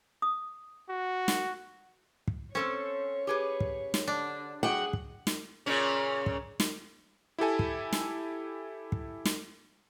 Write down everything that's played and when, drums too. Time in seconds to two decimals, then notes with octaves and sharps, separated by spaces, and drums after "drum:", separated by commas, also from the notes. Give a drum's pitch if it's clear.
0.22 D#6
0.89 F#4
1.28 drum: snare
2.28 drum: kick
2.55 C4 C#4 A4 C5 C#5
3.27 G4 G#4 B4
3.61 drum: kick
3.94 drum: snare
4.08 D3 D4
4.63 G3 F#4 G#4 F#5 G5
4.93 drum: kick
5.27 drum: snare
5.66 A#2 C#3 C#4
6.26 drum: kick
6.60 drum: snare
7.39 E4 G4 A4 G#5
7.59 drum: kick
7.93 drum: snare
8.92 drum: kick
9.25 drum: snare